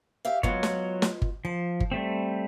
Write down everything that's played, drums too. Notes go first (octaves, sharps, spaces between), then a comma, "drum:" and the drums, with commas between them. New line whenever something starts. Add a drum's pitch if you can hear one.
G4 E5 F5
F#3 G#3 B3 F4 C#5, drum: kick G1
drum: snare
drum: snare
drum: kick G1
F3 A5
drum: kick G1
G3 A3 C4